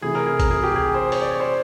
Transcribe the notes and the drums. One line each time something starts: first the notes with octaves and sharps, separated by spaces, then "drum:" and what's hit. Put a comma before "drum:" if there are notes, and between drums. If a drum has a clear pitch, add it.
C3 E3 A3 G#4
A#4
G#4
A#4, drum: kick G#1, hi-hat
G#4
G4
G#4
C5
C#5, drum: open hi-hat
D5
C#5
C5